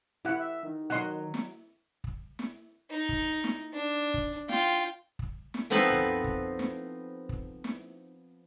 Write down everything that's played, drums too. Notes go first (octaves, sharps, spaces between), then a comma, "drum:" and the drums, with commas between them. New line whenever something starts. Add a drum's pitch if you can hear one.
E4 G4 F#5
E5
D#3
F#3 F#4 D#5 F#5 C6
drum: snare
drum: kick
drum: snare
D#4
drum: kick
drum: snare
D4
drum: kick
F4 G5, drum: snare
drum: kick
drum: snare
F3 B3 C4 D#4 A4 B4
drum: tom
drum: kick
drum: snare
drum: kick
drum: snare